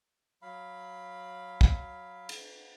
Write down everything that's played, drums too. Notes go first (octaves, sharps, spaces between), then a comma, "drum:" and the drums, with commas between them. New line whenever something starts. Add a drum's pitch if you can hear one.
F#3 F5 B5
drum: kick
drum: cymbal